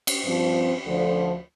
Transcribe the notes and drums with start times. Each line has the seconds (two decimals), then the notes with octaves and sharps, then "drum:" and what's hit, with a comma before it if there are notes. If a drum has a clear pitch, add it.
0.07 drum: cymbal
0.24 G2 F3 C4
0.86 D2 D3 F3